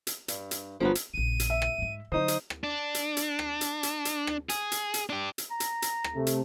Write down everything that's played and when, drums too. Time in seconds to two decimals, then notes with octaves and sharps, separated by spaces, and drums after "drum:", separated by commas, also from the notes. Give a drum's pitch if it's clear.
0.07 drum: hi-hat
0.28 G2, drum: hi-hat
0.51 drum: hi-hat
0.80 G1 F3 F#3 B3
0.95 drum: hi-hat
1.14 A#1 C#3 D#7
1.40 drum: hi-hat
1.50 E5
1.62 drum: rim click
1.78 G#2 G#3
2.12 D3 F#3 D#4 C5 D#6
2.28 drum: hi-hat
2.50 drum: rim click
2.64 D4
2.95 drum: hi-hat
3.17 drum: hi-hat
3.39 drum: rim click
3.61 drum: hi-hat
3.83 drum: hi-hat
4.05 drum: hi-hat
4.27 drum: rim click
4.49 G#4, drum: hi-hat
4.72 drum: hi-hat
4.94 drum: hi-hat
5.10 D4 G4
5.38 drum: hi-hat
5.51 A#5
5.60 drum: hi-hat
5.82 drum: hi-hat
6.04 drum: rim click
6.14 C3 A3
6.27 drum: hi-hat